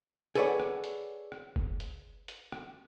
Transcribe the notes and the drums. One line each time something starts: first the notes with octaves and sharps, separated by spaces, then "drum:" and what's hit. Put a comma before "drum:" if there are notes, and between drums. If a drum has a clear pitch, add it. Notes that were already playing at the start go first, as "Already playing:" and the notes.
G#4 A4 B4 C#5 D5 F#5, drum: hi-hat
drum: rim click
drum: hi-hat
drum: rim click
drum: kick F#1
drum: hi-hat
drum: hi-hat
drum: rim click